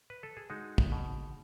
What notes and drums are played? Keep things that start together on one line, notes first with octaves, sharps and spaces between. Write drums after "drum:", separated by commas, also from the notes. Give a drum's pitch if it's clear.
B4
A4
G#4
G#3 D#4 F#4
drum: kick
B2